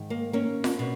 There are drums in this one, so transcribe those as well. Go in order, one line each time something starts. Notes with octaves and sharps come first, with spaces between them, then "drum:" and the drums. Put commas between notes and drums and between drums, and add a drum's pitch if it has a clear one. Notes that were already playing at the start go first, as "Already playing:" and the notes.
Already playing: G#2 D#3
A#3
A#3 C#4
drum: snare F4
B2